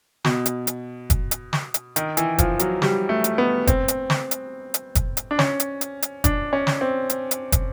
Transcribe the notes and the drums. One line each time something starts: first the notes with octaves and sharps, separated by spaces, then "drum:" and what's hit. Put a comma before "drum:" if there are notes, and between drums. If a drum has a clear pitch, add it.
B2, drum: snare
drum: hi-hat
drum: hi-hat
drum: kick, hi-hat
drum: hi-hat
drum: snare
drum: hi-hat
D#3, drum: hi-hat
E3, drum: hi-hat
F3, drum: kick, hi-hat
F#3, drum: hi-hat
G3, drum: snare
A3
drum: hi-hat
B3
C4, drum: kick, hi-hat
drum: hi-hat
drum: snare
drum: hi-hat
drum: hi-hat
drum: kick, hi-hat
drum: hi-hat
D4
C#4, drum: snare
drum: hi-hat
drum: hi-hat
drum: hi-hat
D4, drum: kick, hi-hat
C#4
drum: snare
C4
drum: hi-hat
drum: hi-hat
drum: kick, hi-hat